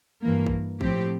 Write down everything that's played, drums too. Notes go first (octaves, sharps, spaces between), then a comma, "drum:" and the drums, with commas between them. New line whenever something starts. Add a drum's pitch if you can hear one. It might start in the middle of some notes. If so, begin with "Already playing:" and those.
G2 E3 A#3
drum: kick A#1
A2 F3 C4 G4, drum: kick A#1